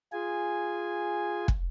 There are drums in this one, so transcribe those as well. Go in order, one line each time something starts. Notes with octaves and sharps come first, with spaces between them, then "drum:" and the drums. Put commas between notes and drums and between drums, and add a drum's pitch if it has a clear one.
F4 G#4 G#5
drum: kick